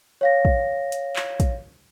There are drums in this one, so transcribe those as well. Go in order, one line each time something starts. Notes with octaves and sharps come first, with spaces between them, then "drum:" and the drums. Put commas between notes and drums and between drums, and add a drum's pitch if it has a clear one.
C#5 F5 A#6
drum: kick
drum: hi-hat
drum: clap
drum: kick, hi-hat